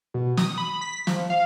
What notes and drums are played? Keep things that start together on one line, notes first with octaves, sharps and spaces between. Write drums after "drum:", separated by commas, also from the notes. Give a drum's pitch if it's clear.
B2
D#6, drum: snare
B5
B6
F3, drum: snare
F5